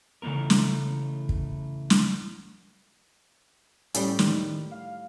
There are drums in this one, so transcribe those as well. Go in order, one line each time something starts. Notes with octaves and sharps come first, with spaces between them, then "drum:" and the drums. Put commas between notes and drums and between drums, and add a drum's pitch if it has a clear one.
C#3 E3 A3 B3 A#4
drum: snare
drum: kick
drum: snare
A2 G3 C#4 G5, drum: hi-hat
D#3, drum: snare
F5